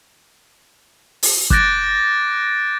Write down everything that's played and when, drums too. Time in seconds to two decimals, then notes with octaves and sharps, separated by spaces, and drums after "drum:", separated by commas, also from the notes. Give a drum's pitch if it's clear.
1.23 drum: open hi-hat
1.50 D6 F#6 G6 A6 A#6 D7, drum: kick